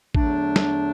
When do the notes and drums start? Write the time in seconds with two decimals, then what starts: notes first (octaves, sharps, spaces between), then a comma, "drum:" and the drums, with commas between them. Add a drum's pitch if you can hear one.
0.15 E2 D3 F#3 A3 D4, drum: kick A1
0.56 drum: snare